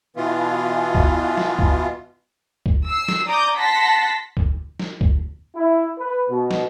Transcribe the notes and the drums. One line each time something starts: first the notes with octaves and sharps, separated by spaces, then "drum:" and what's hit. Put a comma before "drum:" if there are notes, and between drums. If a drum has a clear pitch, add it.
B2 E3 B3 F4
drum: kick
drum: snare
drum: kick
drum: kick
E6 C7
drum: snare
D5 A#5 D6 D#6 G6
F#5 A5 C6 A#6 B6
drum: kick
drum: snare
drum: kick
E4
B4
B2
drum: snare